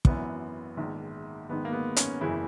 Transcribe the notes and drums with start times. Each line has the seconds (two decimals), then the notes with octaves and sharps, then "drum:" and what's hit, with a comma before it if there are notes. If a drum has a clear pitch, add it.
0.05 G#1 F#2 E3 B3, drum: kick
0.77 A#1 G#2 D#3
1.48 A#1 G#2 D#3 B3
1.65 A#3
1.72 B3
1.97 C#4, drum: hi-hat
2.21 F#1 E2 C#3 E3 E4